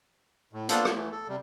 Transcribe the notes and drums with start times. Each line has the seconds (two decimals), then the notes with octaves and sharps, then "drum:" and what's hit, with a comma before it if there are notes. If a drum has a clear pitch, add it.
0.53 A2
0.69 A#3 B3 D4 F4 A4 C5, drum: hi-hat
0.85 drum: rim click
0.95 E3 A3
1.12 A4
1.28 C3 G3